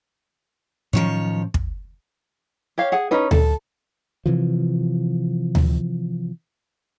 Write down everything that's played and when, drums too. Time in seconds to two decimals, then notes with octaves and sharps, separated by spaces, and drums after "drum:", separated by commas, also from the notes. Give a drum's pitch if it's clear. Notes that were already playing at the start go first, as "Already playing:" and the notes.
0.93 A2 D#3 F3 F#3 C#4 C#5
1.54 drum: kick
2.78 G4 C#5 F5
2.92 G#4 F#5
3.11 C#4 D#4 B4
3.31 A4, drum: tom D2
4.26 C3 E3 F3
5.55 drum: tom D2